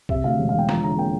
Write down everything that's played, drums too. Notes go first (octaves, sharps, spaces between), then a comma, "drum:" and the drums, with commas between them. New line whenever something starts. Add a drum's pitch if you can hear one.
C3 E5, drum: kick B1
D2 F5
E1
F5
E1 G5
F3 A#5, drum: snare
D3 A#5
A#3 G5